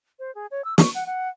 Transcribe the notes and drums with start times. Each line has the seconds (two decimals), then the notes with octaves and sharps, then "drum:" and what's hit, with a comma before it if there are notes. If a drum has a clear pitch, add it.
0.19 C5
0.35 G#4
0.51 C#5
0.65 E6
0.78 C#6, drum: snare
0.95 F#5
1.06 F#5